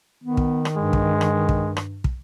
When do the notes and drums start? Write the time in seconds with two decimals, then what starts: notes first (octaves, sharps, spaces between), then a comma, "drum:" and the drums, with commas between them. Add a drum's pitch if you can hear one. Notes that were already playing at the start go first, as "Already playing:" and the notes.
0.23 D#3 B3
0.37 drum: kick
0.65 drum: rim click
0.77 G2 G#3
0.93 drum: kick
1.21 drum: rim click
1.49 drum: kick
1.77 drum: rim click
2.04 drum: kick